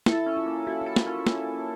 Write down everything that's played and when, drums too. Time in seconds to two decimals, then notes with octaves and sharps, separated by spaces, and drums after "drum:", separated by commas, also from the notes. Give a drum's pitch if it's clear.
0.06 E4 A4, drum: snare
0.26 C#4
0.37 F4
0.46 A#3
0.67 E4 F#4
0.82 F#4 A4
0.96 F4, drum: snare
1.06 C#4
1.27 drum: snare